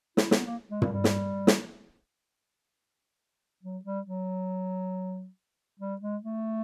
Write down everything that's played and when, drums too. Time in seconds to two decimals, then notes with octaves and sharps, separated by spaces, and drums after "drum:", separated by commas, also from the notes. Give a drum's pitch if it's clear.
0.17 E4, drum: snare
0.31 B3, drum: snare
0.46 A#3
0.71 G#3
0.82 G3, drum: tom
0.92 G3
1.04 drum: snare
1.47 drum: snare
3.63 F#3
3.85 G3
4.07 F#3
5.80 G3
6.01 G#3
6.23 A3